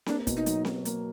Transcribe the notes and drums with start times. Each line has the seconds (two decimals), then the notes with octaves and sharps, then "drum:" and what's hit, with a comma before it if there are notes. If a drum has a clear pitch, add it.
0.06 A#3 D4, drum: snare C4
0.27 B2, drum: kick, hi-hat
0.37 D#4
0.46 F#3, drum: hi-hat
0.65 B2, drum: snare C4
0.85 A#3, drum: hi-hat